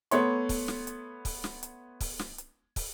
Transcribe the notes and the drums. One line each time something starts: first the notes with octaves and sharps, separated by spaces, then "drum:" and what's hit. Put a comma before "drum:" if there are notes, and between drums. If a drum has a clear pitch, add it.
A3 B3 C#5 C6, drum: hi-hat
drum: kick, open hi-hat
drum: snare
drum: hi-hat
drum: kick, open hi-hat
drum: snare
drum: hi-hat
drum: kick, open hi-hat
drum: snare
drum: hi-hat
drum: kick, open hi-hat